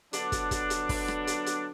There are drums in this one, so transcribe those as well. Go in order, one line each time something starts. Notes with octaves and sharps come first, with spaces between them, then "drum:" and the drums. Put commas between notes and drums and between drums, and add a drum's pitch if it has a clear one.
D3 F#3 B3 D4, drum: hi-hat
drum: kick, hi-hat
drum: kick, hi-hat
drum: hi-hat
drum: kick, open hi-hat
drum: rim click
drum: hi-hat
drum: hi-hat